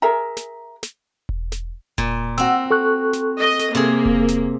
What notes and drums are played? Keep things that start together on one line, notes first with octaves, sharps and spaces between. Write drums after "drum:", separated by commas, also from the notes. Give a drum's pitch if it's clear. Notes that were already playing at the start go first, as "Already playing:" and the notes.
G#4 A#4 E5 A#5
drum: snare
drum: snare
drum: kick E1
drum: snare
A#2, drum: kick E1
C4 F#4 F#5 E6
A4 C#6 F#6
drum: snare
D#5
drum: snare
C3 A#3 G#4
drum: kick E1
drum: snare